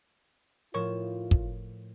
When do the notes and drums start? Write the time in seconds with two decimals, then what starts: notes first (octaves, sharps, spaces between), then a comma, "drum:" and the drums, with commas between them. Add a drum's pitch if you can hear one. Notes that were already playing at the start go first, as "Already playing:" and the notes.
0.74 A2 F3 E4 F4 A#4 C#5 C#6 E7
1.31 drum: kick